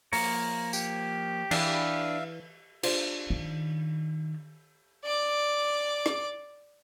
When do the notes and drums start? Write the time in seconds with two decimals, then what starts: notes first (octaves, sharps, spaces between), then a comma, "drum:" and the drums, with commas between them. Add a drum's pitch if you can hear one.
0.12 F3 A#3 C#5 A#5, drum: open hi-hat
0.73 G4, drum: tambourine
1.51 E3 D4 B4 E5 F5, drum: cymbal
2.83 D4 F4 C5, drum: cymbal
3.30 D#3
5.04 D5 D6
6.06 drum: rim click